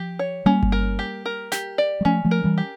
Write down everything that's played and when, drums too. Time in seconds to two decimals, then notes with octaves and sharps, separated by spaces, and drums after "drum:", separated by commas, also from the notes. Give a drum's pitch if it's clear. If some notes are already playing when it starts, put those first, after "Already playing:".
Already playing: F3 G4
0.19 C#5
0.46 G3 A#3 C#4
0.63 drum: kick G1
0.72 A#4
0.99 G4
1.26 A#4
1.52 G4, drum: snare
1.78 D5
2.01 G3
2.05 F3 A3 C#4
2.25 F3 A3
2.31 A#4
2.44 E3 G3
2.58 G4